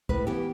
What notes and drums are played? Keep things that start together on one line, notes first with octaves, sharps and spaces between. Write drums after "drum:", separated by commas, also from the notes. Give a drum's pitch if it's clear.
A2 B4, drum: kick
E3 B3 G4